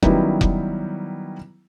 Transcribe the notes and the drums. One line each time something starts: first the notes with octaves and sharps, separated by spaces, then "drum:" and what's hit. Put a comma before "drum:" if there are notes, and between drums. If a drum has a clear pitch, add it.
D#3 F#3 G3 B3 C#4 E4, drum: kick F1
drum: kick F1